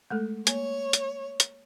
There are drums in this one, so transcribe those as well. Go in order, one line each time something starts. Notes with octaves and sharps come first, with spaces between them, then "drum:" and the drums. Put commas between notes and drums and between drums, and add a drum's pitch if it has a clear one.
G#3 A3 A4
A#3 C#5, drum: hi-hat
drum: hi-hat
drum: hi-hat